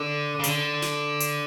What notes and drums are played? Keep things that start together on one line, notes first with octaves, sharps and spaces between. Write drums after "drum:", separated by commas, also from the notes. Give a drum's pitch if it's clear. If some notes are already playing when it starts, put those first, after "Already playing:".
Already playing: D3
C#3
D3, drum: hi-hat
drum: snare
drum: hi-hat